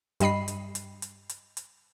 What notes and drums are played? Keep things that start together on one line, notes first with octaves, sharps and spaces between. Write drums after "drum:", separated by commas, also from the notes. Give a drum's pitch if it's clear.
G2 G3 D#5 B5 C7, drum: hi-hat
drum: hi-hat
drum: hi-hat
drum: hi-hat
drum: hi-hat
drum: hi-hat